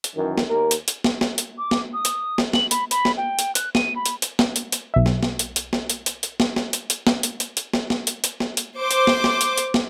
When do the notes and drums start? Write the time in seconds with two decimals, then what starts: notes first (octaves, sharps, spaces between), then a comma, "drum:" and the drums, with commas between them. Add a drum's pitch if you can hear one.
0.04 drum: hi-hat
0.16 F#2 D#3 E3
0.38 drum: snare
0.48 D#2 A#4
0.71 drum: hi-hat
0.88 drum: hi-hat
1.04 drum: snare
1.21 drum: snare
1.38 drum: hi-hat
1.58 D6
1.71 drum: snare
1.93 D#6
2.05 drum: hi-hat
2.38 drum: snare
2.53 F#7, drum: snare
2.71 B5, drum: hi-hat
2.91 B5, drum: hi-hat
3.05 drum: snare
3.17 G5
3.39 drum: hi-hat
3.55 F#6, drum: hi-hat
3.75 D#7, drum: snare
3.96 B5
4.06 drum: hi-hat
4.22 drum: hi-hat
4.39 drum: snare
4.56 drum: hi-hat
4.72 drum: hi-hat
4.94 B1 E5
5.06 drum: snare
5.23 drum: snare
5.39 drum: hi-hat
5.56 drum: hi-hat
5.73 drum: snare
5.90 drum: hi-hat
6.06 drum: hi-hat
6.23 drum: hi-hat
6.40 drum: snare
6.56 drum: snare
6.73 drum: hi-hat
6.90 drum: hi-hat
7.07 drum: snare
7.23 drum: hi-hat
7.40 drum: hi-hat
7.57 drum: hi-hat
7.73 drum: snare
7.90 drum: snare
8.07 drum: hi-hat
8.24 drum: hi-hat
8.40 drum: snare
8.57 drum: hi-hat
8.77 C5 D6
8.91 drum: hi-hat
9.07 drum: snare
9.24 drum: snare
9.41 drum: hi-hat
9.57 drum: hi-hat
9.74 drum: snare